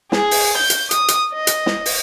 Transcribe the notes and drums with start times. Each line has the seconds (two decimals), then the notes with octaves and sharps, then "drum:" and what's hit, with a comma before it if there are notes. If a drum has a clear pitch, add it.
0.12 G#4, drum: snare
0.31 drum: open hi-hat
0.58 G6
0.70 drum: hi-hat
0.91 D#6, drum: hi-hat
1.08 drum: hi-hat
1.33 D#5
1.47 drum: hi-hat
1.66 drum: snare
1.86 drum: open hi-hat